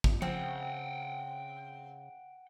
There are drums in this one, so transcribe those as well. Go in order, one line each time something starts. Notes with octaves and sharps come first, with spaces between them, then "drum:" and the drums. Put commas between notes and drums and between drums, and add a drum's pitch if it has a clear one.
drum: kick A1
C#3 F3 C4 F#5 G5